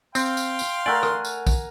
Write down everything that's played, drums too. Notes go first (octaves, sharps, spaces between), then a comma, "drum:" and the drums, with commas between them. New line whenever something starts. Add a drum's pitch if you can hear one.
C4 F5 G5 C6, drum: tambourine
drum: tambourine
drum: tambourine
A3 A#4 D5 F#5 G#5
drum: rim click
drum: tambourine
drum: kick, tambourine